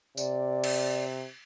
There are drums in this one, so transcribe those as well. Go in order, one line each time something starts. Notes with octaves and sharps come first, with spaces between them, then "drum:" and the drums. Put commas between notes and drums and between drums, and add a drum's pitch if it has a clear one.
C3 D5, drum: tambourine
drum: cymbal